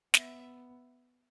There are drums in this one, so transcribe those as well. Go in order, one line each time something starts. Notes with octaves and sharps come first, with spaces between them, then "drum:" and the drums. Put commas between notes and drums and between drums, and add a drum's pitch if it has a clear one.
B3 E5, drum: snare